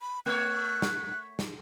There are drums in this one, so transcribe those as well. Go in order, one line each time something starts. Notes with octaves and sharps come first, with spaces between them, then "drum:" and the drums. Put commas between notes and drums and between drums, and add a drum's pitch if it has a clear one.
B5
A3 C#5 F#6
drum: snare
drum: snare